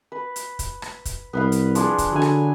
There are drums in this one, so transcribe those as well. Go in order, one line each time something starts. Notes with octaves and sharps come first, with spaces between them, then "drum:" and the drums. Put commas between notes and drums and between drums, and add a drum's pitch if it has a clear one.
B4
drum: hi-hat
drum: kick, hi-hat
drum: rim click
drum: kick, hi-hat
C2 B3 B4 F5
drum: hi-hat
F3 D4 G#4, drum: hi-hat
drum: kick, hi-hat
D3 F#3 G#5
drum: rim click